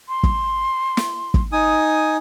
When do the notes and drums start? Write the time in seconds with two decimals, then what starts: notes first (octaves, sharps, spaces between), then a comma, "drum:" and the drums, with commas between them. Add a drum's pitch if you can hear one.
0.09 C6
0.23 drum: kick
0.97 drum: snare
1.34 drum: kick
1.52 D#4 G#5 D#6